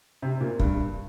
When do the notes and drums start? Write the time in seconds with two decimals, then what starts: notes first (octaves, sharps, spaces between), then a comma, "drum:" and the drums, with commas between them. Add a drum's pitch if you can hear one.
0.22 C3
0.41 A#2
0.59 G2, drum: kick